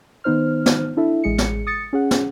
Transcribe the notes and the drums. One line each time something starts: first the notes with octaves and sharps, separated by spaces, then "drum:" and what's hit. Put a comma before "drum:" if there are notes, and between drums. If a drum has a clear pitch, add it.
D#3 B3 D#4 C5 F6
drum: snare
D4 E4 A4 E5
A1 G#3 G#4 C#7
drum: snare
D#6 A6 C#7
C#4 G#4 F#5
drum: snare